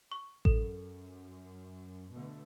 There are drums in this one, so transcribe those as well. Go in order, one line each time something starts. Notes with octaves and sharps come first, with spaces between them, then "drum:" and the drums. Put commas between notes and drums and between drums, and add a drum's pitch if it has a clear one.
C#6
F#2 A4, drum: kick A1
B2 D3 A3